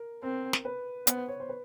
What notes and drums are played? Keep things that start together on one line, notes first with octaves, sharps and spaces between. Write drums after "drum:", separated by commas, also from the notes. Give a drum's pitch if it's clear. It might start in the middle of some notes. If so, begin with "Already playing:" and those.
Already playing: A#4
C4 A#4
drum: snare
B4
B3 C5, drum: hi-hat
C#5
C5
B4